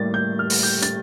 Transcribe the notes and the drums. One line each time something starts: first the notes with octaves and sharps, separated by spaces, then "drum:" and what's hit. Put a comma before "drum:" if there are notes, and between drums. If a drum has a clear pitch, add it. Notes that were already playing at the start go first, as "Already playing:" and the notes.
Already playing: A2 G3 A#3 A6
G6
F6
drum: open hi-hat
G6
A6, drum: hi-hat